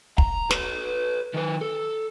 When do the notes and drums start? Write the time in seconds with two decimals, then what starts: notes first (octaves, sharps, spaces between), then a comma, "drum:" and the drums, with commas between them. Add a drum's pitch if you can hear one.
0.18 A#5, drum: kick
0.51 B4 C#5, drum: snare
1.34 D#3 B4
1.61 A4